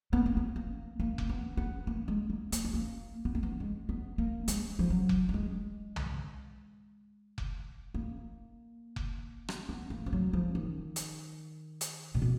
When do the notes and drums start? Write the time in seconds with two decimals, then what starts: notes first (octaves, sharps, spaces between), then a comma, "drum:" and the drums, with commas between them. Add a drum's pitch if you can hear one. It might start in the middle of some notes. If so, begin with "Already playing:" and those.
0.13 B3
0.26 A#3
0.37 B3
0.56 A#3
1.00 A#3
1.18 drum: kick F1
1.29 B3
1.57 B3
1.87 A#3
2.08 G#3
2.30 A#3
2.52 A#3, drum: hi-hat
2.64 G#3
2.74 A#3
3.25 B3
3.35 A#3
3.43 B3
3.60 G#3
3.89 B3
4.18 A#3
4.48 G#3, drum: hi-hat
4.79 F3
4.90 F#3
5.09 drum: kick F1
5.29 F#3
5.34 G#3
5.96 drum: tom
7.38 drum: kick F1
7.94 A#3
8.96 drum: kick F1
9.48 drum: rim click
9.69 B3
9.90 A#3
10.06 F3
10.13 F#3
10.33 F3
10.55 D#3
10.96 drum: hi-hat
11.81 drum: hi-hat
12.15 A#2
12.22 B2